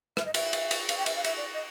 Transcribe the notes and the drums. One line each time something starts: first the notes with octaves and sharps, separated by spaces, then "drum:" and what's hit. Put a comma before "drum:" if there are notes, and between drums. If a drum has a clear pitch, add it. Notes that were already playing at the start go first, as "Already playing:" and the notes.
E5, drum: rim click
D#5
E5, drum: cymbal
drum: cymbal
drum: cymbal
F5, drum: cymbal
G5
E5, drum: cymbal
F5
E5, drum: cymbal
D5
D#5